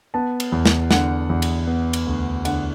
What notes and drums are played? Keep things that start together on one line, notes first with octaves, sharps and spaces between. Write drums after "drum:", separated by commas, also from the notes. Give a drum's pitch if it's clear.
B3 A5
drum: cymbal
E2
drum: snare
D3 F#5, drum: snare
E2
drum: cymbal
B3
drum: cymbal
D2
D3 F#5, drum: cymbal